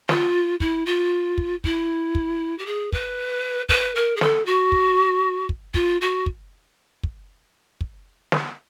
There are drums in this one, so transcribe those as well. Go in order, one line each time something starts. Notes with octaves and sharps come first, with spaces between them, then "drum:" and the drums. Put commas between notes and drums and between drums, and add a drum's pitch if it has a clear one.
F4, drum: snare
E4, drum: kick
F4
drum: kick
E4, drum: kick
drum: kick
G4
G#4
B4, drum: kick
B4, drum: kick
A#4
G#4
A4, drum: snare
F#4
drum: kick
drum: kick
F4, drum: kick
F#4
drum: kick
drum: kick
drum: kick
drum: snare